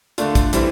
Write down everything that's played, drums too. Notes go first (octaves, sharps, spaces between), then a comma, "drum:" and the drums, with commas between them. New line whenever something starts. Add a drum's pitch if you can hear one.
D3 A3 D4 F4, drum: hi-hat
drum: kick A#1, hi-hat
E3 G3 C4 E4, drum: hi-hat